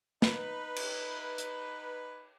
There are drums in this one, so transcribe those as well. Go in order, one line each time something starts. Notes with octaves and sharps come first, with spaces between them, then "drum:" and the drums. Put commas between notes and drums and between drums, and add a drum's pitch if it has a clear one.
D#4 B4, drum: snare
drum: cymbal
drum: hi-hat